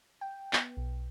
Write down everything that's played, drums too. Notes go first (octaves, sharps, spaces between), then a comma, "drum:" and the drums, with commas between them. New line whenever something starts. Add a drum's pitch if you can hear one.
G5
B3, drum: clap
B1